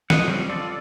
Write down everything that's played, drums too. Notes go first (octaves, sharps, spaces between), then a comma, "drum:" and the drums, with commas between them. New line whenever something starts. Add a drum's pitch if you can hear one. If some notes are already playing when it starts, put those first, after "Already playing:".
D#5 F#5, drum: snare
F3 G3 C4 C#4
F4 A4 D5